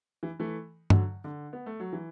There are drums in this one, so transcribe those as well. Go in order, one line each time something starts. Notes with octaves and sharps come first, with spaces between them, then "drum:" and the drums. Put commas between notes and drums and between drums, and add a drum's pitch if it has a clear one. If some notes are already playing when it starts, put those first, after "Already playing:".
E3
E3 A3
D3 F#3, drum: tom G2
D3
B3
A3
F#3
E3